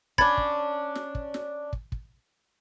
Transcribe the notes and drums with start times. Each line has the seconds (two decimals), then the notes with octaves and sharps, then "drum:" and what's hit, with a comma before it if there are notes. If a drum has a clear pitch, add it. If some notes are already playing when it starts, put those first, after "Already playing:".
0.18 C#4 D4 B5 G#6 A6, drum: kick
0.38 drum: kick
0.95 drum: snare
1.15 drum: kick
1.34 drum: snare
1.73 drum: kick
1.92 drum: kick